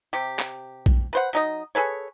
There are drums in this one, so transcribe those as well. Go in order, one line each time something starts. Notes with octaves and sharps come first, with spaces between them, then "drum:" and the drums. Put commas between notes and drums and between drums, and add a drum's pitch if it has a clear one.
C3 G4
drum: clap
drum: kick A#1
B4 C5 F#5
F#3 D#4 D#5
G#4 A4 B4 C#5